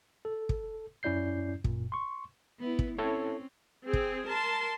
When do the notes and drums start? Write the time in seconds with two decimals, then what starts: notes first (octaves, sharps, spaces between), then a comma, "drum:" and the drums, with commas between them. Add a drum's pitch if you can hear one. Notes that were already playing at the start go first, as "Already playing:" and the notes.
0.25 A4
0.49 drum: kick
1.03 F#2 C#4 E4 D5 G6 C7
1.64 F#2 A#2, drum: kick
1.92 C6 C#6
2.60 B3 E4
2.79 drum: kick
2.98 C4 C#4 E4 A4 C#5
3.83 C4 G#4
3.93 drum: kick
4.27 A#4 A5 C6